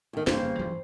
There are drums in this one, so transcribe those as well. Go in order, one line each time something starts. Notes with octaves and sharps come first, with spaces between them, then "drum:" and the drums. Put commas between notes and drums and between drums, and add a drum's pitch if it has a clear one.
D#2 D#3
F1 E2 G2 C#3 A#3 C#4 C5, drum: snare
D1 E3 F3